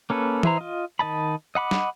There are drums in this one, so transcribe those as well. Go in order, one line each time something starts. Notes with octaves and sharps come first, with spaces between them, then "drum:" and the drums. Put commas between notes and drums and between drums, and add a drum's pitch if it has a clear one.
A#3 C#4 A4 B4
E3 E4 C5 A#5, drum: tom E3
F4 D#5
D#3 D#5 A5 B5
D#5 F#5 B5 D6
drum: snare